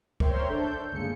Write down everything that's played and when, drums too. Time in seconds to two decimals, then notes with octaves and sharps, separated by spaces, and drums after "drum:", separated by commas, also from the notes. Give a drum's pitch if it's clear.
0.20 A#4 C5 C#5 E5 G5 C6, drum: kick
0.49 D4 A4 G6
0.92 G1 C#2 A#3 G#4 C#7